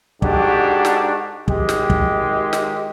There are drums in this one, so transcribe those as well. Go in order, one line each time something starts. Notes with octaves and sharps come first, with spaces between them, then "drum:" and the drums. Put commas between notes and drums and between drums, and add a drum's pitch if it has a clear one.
G#2 D4 F#4 G4 A4, drum: kick
drum: snare
G#1 D#3 G#3 G4, drum: kick
drum: snare
drum: kick
drum: snare